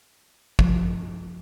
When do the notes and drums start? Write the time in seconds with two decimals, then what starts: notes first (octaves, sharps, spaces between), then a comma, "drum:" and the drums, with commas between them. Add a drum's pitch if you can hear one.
0.59 F3, drum: kick